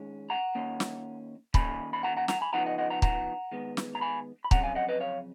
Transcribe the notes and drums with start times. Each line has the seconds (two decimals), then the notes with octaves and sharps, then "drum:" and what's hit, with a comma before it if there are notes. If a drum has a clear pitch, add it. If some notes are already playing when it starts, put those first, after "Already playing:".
Already playing: D#3 G#3 C#4
0.30 F#5 A#5
0.55 D#3 A#3 C#4
0.80 drum: snare
1.54 D#3 A#3 C#4 G#5 B5, drum: kick
1.93 B5
2.03 F#5 A#5
2.17 F#5 A#5
2.28 F#5 A#5, drum: snare
2.41 G#5 B5
2.53 C#3 F3 B3 D#4 F#5 A#5
2.66 D#5 F#5
2.78 D#5 F#5
2.90 F#5 A#5
3.02 F#5 A#5, drum: kick
3.52 D#3 G#3 B3
3.77 drum: snare
3.95 A#5
4.01 G#5 B5
4.44 B5
4.51 F2 C#3 F#3 C#4 F#5 A#5, drum: kick
4.63 F5 G#5
4.75 D#5 F#5
4.89 B4 D#5
5.00 C#5 F5